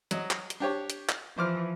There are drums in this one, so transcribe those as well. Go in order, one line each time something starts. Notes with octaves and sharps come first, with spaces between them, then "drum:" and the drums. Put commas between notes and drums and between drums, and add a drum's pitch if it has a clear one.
F#3 D#5, drum: hi-hat
drum: clap
drum: hi-hat
D4 G4 C#5
drum: hi-hat
drum: clap
E3 F3 C5 D6 F6